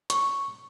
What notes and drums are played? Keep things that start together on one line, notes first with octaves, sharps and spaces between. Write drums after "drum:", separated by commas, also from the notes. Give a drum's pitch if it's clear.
C#6, drum: hi-hat